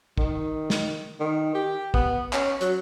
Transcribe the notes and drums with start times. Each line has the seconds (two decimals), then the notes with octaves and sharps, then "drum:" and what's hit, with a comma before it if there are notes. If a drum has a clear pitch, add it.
0.18 D#3, drum: kick
0.70 drum: snare
1.20 D#3
1.54 G4
1.94 B3, drum: kick
2.33 C#4, drum: clap
2.61 F#3, drum: hi-hat